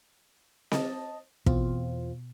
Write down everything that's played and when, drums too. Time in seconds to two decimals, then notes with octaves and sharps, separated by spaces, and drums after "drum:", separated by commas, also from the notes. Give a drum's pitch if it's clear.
0.72 D#5 A5, drum: snare C4
1.46 E2 B2 C4 F4, drum: kick